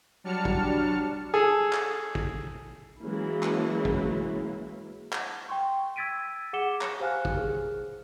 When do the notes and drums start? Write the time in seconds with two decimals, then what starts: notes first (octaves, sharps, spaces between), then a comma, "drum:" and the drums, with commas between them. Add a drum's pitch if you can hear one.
0.24 F#3 G3 D4 A5 F6 C#7
0.45 drum: kick
1.34 G#4 A4
1.73 drum: clap
2.15 drum: kick
3.02 E3 F#3 G#3 A#3 C#4 E4
3.43 drum: clap
3.85 drum: kick
5.13 drum: clap
5.49 G5 C6 C#6
5.96 E6 G#6 A6 B6 D7 D#7
6.53 G#4 F#5 D6 C#7 E7 G7
6.81 C#5 C#7, drum: clap
7.00 G4 C5 F5 G#5 F6 F#6
7.25 drum: kick
7.37 G#4 A#4